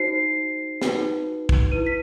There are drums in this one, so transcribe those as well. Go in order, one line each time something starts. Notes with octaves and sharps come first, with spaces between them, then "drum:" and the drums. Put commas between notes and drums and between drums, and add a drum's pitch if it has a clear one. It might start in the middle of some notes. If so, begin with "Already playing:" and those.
Already playing: D#4 F#4 C5 C7
D#4 F#4 B4, drum: snare
drum: kick
E4 B4 D#7
B6